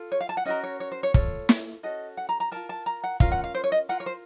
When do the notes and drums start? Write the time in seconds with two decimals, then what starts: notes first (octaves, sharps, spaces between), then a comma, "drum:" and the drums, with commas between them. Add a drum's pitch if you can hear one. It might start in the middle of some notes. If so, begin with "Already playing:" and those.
Already playing: F4 A4
0.12 C#5
0.21 F5
0.29 A5
0.37 F#5
0.45 C#4 F#4 A#4 D#5
0.63 C#5
0.80 C#5
0.92 C5
1.03 C#5
1.14 F4 A4 C#5, drum: kick
1.49 drum: snare
1.83 C#4 F#4 A4 D#5
2.17 F#5
2.29 A#5
2.40 A#5
2.52 F4 A#4 A5
2.69 A5
2.86 A#5
3.04 F#5
3.20 C#4 F4 A#4 F5, drum: kick
3.32 F#5
3.44 F5
3.55 C5
3.64 C#5
3.72 D#5
3.89 F4 A#4 F#5
4.00 C#5
4.06 C5